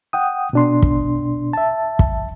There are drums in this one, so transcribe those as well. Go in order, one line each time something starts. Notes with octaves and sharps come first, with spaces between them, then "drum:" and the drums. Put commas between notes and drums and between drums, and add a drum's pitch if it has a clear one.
F#5 G5 D#6
B2 D4 C6
drum: kick
E5 A5
drum: kick